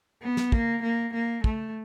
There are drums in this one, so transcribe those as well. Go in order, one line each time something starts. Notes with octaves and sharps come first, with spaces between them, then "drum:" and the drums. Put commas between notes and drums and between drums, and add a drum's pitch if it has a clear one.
B3
drum: snare
A#3, drum: kick
A#3
A#3
A3, drum: kick